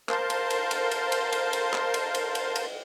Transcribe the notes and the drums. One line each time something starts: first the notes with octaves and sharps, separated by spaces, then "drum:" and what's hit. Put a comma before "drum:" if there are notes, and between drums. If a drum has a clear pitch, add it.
A#4 C5 F5 A5 C6, drum: clap
drum: cymbal
drum: cymbal
drum: cymbal
drum: cymbal
drum: cymbal
drum: cymbal
drum: cymbal
drum: clap
drum: cymbal
drum: cymbal
drum: cymbal
drum: cymbal